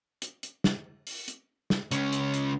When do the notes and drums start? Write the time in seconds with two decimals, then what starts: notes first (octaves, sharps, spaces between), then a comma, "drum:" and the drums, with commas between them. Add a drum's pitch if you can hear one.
0.22 drum: hi-hat
0.43 drum: hi-hat
0.64 drum: snare
1.07 drum: open hi-hat
1.28 drum: hi-hat
1.70 drum: snare
1.91 C#2 C#4, drum: hi-hat
2.13 drum: hi-hat
2.34 drum: hi-hat